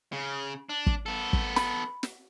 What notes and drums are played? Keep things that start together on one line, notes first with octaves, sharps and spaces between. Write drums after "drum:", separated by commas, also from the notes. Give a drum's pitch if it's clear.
C#3
D4
drum: kick
B3 A4
drum: kick
B5, drum: snare
drum: snare